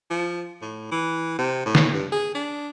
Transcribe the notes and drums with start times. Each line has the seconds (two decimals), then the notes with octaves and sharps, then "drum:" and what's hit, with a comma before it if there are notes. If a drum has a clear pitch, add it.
0.10 F3
0.62 A2
0.91 E3
1.38 C3
1.66 A2
1.75 drum: snare
1.93 G2
2.12 G#4
2.34 D4